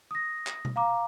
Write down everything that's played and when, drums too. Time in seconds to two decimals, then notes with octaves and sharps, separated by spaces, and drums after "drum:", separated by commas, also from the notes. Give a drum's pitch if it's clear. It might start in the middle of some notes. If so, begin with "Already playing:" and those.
0.11 D#6 A#6
0.47 drum: clap
0.65 drum: tom B2
0.76 F5 A#5 D6